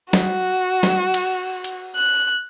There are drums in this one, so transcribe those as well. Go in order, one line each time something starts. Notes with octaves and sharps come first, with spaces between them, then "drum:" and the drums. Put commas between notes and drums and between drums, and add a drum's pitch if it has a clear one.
F#4, drum: snare
drum: snare
drum: cymbal
drum: hi-hat
F#6